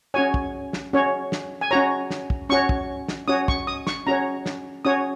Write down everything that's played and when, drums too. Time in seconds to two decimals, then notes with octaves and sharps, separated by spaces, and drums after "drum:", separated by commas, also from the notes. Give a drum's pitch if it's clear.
0.14 C#4 F#4 C#5 G#5
0.34 drum: kick
0.73 drum: snare
0.93 C#4 F#4 C#5
1.32 drum: snare
1.61 G#5
1.71 C#4 F#4 C#5 A#5
2.10 drum: snare
2.30 drum: kick
2.49 C#4 F#4 C#5 C#6
2.69 drum: kick
3.08 drum: snare
3.28 C#4 F#4 C#5 D#6
3.48 C#6, drum: kick
3.67 D#6
3.87 C#6, drum: snare
4.07 C#4 F#4 C#5 A#5
4.46 drum: snare
4.85 C#4 F#4 C#5 D#6